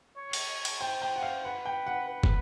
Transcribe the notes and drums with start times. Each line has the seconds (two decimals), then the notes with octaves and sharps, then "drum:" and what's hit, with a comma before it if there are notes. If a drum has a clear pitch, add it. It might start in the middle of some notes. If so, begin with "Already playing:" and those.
0.18 C#5
0.33 drum: cymbal
0.65 drum: cymbal
0.80 C5 G5
1.02 G5
1.16 F#5
1.23 F5
1.44 B4 F#5
1.66 G5
1.86 F#5
2.08 B4
2.23 drum: kick